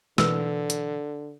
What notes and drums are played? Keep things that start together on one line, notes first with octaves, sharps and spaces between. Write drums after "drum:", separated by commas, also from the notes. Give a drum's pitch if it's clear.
B2 D3 E3 A#4 B4, drum: snare
drum: hi-hat